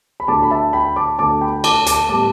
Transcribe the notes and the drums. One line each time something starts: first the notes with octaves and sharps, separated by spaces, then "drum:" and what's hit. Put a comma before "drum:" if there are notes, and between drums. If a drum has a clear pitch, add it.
B5
D2 D3 A3 A5 D6
B5
E5 A5
G5 B5
A5 D6
D2 D3 A3 A5 D6
G5 B5
A5 D6, drum: cymbal
A5 D6, drum: hi-hat
A2 G3 B3 A5 D6